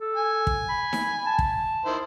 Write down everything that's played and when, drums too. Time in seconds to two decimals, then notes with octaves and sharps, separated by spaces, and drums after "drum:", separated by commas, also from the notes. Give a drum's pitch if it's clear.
0.01 A4
0.16 G#5
0.47 drum: kick
0.69 B5
0.93 drum: snare D#4
1.26 A5
1.39 drum: kick
1.86 D#3 E4 C5